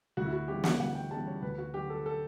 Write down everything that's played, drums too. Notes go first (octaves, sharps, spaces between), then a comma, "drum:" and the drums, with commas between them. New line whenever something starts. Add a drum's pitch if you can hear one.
D2 F#4
E4
F#4
C#3 E3 G3 G4
F#5, drum: snare
D2 F#5
G5
C#3 E3 G3 A5
C#5
D2 B4
F#4
D3 F#3 G4
A4
A4